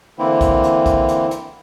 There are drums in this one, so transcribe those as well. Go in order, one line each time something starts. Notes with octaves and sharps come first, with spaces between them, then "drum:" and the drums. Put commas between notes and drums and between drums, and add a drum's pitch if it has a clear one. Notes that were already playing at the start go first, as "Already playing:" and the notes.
D3 E3 A#3 C4 E4
drum: kick, hi-hat
drum: hi-hat
drum: kick, hi-hat
drum: hi-hat
drum: hi-hat